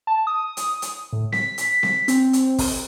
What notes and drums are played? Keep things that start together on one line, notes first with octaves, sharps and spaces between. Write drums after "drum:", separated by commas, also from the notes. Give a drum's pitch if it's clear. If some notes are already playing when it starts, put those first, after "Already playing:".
A5
D#6
drum: hi-hat
drum: hi-hat
A2
B6, drum: snare C4
drum: hi-hat
drum: snare C4
C4, drum: hi-hat
drum: hi-hat
drum: kick, open hi-hat